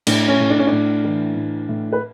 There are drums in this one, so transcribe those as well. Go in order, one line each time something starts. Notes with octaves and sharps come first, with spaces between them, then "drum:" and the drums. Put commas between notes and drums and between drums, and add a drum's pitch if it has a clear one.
A2 D4, drum: cymbal
C#4
A2
D4
C#4
A2 D4
E3
A2
A2
B4